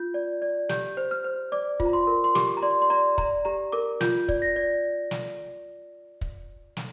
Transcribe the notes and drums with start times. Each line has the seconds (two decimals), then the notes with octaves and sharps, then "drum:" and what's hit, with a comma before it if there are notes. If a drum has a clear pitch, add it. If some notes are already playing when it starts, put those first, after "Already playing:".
Already playing: F4 G6
0.14 D5
0.42 D5
0.69 G4 G6, drum: snare
0.97 C5
1.11 F6
1.25 C5
1.52 D5 D6
1.80 F4, drum: kick
1.85 A#5
1.93 C6
2.07 A#4
2.24 C6
2.35 G4 D6, drum: snare
2.57 A#5
2.62 D5 C6
2.82 C6
2.90 D5 A#5
3.18 D5 A#5, drum: kick
3.45 G4 A#5
3.72 A#4 D6
4.01 F4 G6, drum: snare
4.29 D5, drum: kick
4.42 A#6
4.56 D5
5.11 drum: snare
6.21 drum: kick
6.77 drum: snare